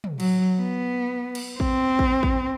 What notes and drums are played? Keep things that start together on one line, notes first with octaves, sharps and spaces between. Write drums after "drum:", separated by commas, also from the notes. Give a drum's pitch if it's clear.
drum: tom
F#3, drum: cymbal
B3
drum: cymbal
C4, drum: kick
drum: kick
drum: kick